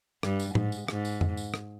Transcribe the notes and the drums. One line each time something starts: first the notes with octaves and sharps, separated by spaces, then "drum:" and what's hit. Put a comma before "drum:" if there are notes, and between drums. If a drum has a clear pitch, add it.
G2, drum: rim click
drum: tambourine
G#2, drum: tom A2
drum: tambourine
G#2, drum: rim click
drum: tambourine
drum: tom F2
drum: tambourine
drum: rim click